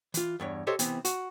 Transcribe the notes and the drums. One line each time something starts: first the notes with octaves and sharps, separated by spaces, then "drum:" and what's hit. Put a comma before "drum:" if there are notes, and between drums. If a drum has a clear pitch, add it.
E3 F4, drum: hi-hat
E2 G2 C#5
G4 A4 C5 C#5 D#5
C3 E3 B3 C4, drum: hi-hat
F#4, drum: hi-hat